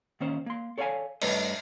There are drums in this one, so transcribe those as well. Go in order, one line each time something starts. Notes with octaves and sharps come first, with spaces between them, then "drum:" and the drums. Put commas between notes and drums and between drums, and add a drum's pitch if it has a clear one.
D#3 A#3 C#4 C5
A#3 C6
A4 C#5 D5 E5 F5 G#5
G2 A3 B4 C#5 D#5, drum: cymbal